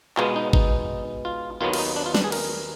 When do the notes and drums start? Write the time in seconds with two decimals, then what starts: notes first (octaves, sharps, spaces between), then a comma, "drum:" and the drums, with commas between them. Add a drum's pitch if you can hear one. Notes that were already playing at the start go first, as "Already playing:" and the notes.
0.17 B2 G#3 B3 F4, drum: clap
0.36 D#4
0.53 D#4, drum: kick G#1
1.25 F4
1.61 D#2 D#3 F#3 B3 F4
1.73 F4, drum: cymbal
1.79 D#4
1.96 D4
2.06 F4
2.14 D4, drum: snare
2.24 G#4
2.32 A#4, drum: cymbal